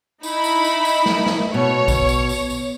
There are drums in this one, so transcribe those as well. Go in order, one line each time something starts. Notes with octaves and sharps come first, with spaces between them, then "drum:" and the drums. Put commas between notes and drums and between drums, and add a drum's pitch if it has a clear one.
D#4 E4 B5, drum: tambourine
drum: tambourine
drum: tambourine
drum: tambourine
drum: snare
drum: snare
B2 C#5
drum: kick A#1, tambourine
drum: tambourine
drum: tambourine
drum: tambourine